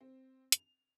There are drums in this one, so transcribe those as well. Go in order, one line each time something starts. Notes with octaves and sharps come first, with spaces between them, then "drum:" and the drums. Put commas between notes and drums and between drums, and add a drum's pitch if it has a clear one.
C4
F7, drum: hi-hat